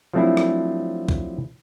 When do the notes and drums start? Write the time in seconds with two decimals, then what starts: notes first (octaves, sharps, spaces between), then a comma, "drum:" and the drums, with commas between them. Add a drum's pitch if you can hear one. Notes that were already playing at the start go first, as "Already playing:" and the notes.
0.13 F3 F#3 A3 C4 D4 E4
0.37 drum: rim click
1.09 drum: kick